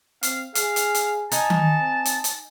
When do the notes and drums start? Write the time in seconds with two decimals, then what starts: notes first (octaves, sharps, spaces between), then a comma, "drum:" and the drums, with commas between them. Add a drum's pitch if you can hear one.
0.23 C4 F5, drum: hi-hat
0.55 G#4 F5, drum: hi-hat
0.76 drum: hi-hat
0.95 drum: hi-hat
1.32 D#4 G#5 A5, drum: hi-hat
1.50 drum: tom D#3
1.77 C4
2.05 drum: hi-hat
2.24 drum: hi-hat